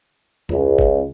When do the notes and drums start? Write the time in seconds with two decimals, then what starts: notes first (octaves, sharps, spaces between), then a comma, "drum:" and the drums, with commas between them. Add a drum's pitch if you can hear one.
0.49 C#2, drum: tom E2
0.79 drum: kick